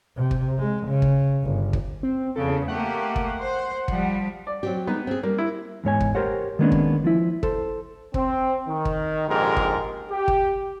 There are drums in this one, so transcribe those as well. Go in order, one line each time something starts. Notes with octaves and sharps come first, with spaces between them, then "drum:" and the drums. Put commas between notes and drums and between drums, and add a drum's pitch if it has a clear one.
C3
drum: kick
G#3
C#3
drum: kick
G1
drum: kick
C4
E2 C#3 A4
A3 A#3 G4 F#5
drum: kick
C5
F3 G3, drum: kick
D5
F#3 C4 G4
G#3 B3 D#4
C4 G#4
G3 A#3
E4
E2 G#2 C#5 G#5
drum: kick
G4 A#4 C5 C#5 F#5
D#3 G#3 A#3 B3 C#4 D4
drum: kick
F3 E4
A4 C5, drum: kick
C4, drum: kick
D#3
drum: kick
A#1 F2 G#2 G4 A#4
drum: kick
G4
drum: kick